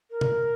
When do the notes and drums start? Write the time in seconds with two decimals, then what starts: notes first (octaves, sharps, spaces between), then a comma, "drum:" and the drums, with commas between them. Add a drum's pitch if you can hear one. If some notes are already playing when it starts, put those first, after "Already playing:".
0.10 A#4
0.21 drum: tom